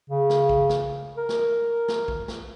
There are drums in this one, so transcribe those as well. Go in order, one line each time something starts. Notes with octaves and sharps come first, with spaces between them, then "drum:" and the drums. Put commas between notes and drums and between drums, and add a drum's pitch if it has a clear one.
C#3
drum: snare
drum: kick
drum: snare
A#4
drum: snare
drum: snare
drum: kick
drum: snare